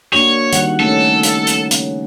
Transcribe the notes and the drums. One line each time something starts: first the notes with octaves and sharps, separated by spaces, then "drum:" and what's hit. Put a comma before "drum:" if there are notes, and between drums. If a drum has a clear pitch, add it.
A#3 D4 F#4 C#5
D#3 G3 F#5, drum: hi-hat
A3 C#4 D#4 A4
drum: hi-hat
drum: hi-hat
C#4, drum: hi-hat